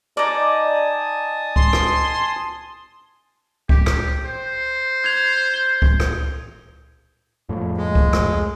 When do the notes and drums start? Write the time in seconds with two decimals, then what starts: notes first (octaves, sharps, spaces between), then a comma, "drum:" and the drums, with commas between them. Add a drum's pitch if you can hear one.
0.17 D#4 D5 G#5 A5 D#6
1.56 C6, drum: kick C#2
1.73 drum: rim click
3.69 G4, drum: kick C#2
3.86 drum: rim click
4.25 C5
5.04 G6 G#6 F7
5.54 G7
5.82 drum: kick C#2
6.00 drum: rim click
7.49 F2 A2
7.78 G#3
7.95 drum: kick C#2
8.13 drum: rim click